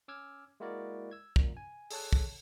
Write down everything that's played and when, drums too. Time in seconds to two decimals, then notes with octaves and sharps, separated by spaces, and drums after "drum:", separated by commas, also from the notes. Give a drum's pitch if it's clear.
0.08 C#4 D6 E6 F6 G#6
0.60 G#3 A#3 E4 F#4 A#4 D5
1.11 E6 G#6
1.36 F#2 A#2, drum: kick
1.57 G#5
1.91 G#4 A4 C#5 A5 F#6, drum: open hi-hat
2.13 drum: kick